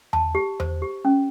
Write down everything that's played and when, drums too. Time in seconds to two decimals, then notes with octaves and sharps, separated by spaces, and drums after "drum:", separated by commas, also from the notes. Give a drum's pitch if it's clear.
0.13 A5, drum: tom E2
0.35 G4
0.60 C5, drum: tom E2
0.82 G4
1.05 C#4